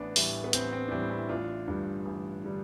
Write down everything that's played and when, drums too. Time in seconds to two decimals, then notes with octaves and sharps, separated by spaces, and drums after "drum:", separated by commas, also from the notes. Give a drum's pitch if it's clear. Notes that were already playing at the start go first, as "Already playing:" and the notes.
Already playing: A1 B3 D4
0.16 A2 E3 G3, drum: open hi-hat
0.44 B3
0.53 A1 C4, drum: hi-hat
0.73 C4
0.88 D4
0.92 A2 E3 G3 C4
1.11 C4 E4
1.29 A1 D4 F4
1.68 G2 D3 G3
2.06 A1
2.44 D3 G3